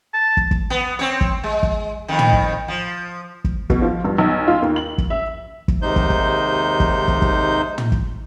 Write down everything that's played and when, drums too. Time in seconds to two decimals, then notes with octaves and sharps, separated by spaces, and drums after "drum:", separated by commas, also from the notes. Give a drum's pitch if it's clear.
0.14 A5
0.37 drum: kick
0.51 drum: kick
0.70 B3
0.99 C4 C#5
1.21 drum: kick
1.44 G#3
1.63 drum: kick
2.08 F2 D#3
2.19 drum: tom
2.33 drum: kick
2.68 F3
3.44 drum: kick
3.70 B2, drum: kick
3.82 F3
4.05 G2
4.18 B1
4.48 F4
4.62 D#2
4.76 F#7
4.98 drum: kick
5.10 E5
5.68 drum: kick
5.82 D#2 G#2 C3 D#4 C5 G6
5.96 drum: kick
6.10 drum: kick
6.80 drum: kick
7.08 drum: kick
7.22 drum: kick
7.78 drum: tom
7.92 drum: kick